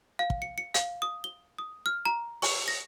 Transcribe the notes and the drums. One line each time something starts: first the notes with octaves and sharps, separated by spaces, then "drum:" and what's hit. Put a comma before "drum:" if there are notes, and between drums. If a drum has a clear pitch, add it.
F5
drum: kick
C#7
C#7
F5, drum: hi-hat
D#6
G7
D#6
F6
A#5
C#6, drum: open hi-hat
A#6